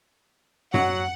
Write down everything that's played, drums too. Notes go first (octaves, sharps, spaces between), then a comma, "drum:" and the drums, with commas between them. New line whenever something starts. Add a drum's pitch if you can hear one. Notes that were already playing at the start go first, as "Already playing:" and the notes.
F#3 F#5, drum: tom F#2